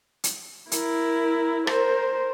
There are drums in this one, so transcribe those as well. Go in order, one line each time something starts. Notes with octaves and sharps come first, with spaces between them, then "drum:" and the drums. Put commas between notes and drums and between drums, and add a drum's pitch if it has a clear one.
drum: hi-hat
E4 A#4, drum: hi-hat
A#4 C5, drum: rim click